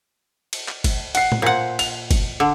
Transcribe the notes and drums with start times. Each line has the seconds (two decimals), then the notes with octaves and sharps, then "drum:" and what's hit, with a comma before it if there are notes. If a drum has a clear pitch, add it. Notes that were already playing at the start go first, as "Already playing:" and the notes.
0.53 drum: cymbal
0.69 drum: clap
0.84 drum: kick, cymbal
1.15 F#5 C7, drum: cymbal
1.32 drum: tom A2
1.42 A#2 C5 F#5
1.79 F7, drum: cymbal
2.11 drum: kick, cymbal
2.40 D3